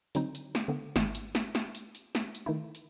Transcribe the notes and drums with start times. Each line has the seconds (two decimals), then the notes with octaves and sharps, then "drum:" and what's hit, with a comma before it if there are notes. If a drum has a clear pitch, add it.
0.15 D3 F#3 C4 D#4, drum: hi-hat
0.35 drum: hi-hat
0.55 drum: snare
0.68 D3 A#3 B3
0.96 G#1 G#3, drum: snare
1.15 drum: hi-hat
1.35 drum: snare
1.55 drum: snare
1.75 drum: hi-hat
1.95 drum: hi-hat
2.15 drum: snare
2.35 drum: hi-hat
2.46 D#3 A3 D#4 E4
2.75 drum: hi-hat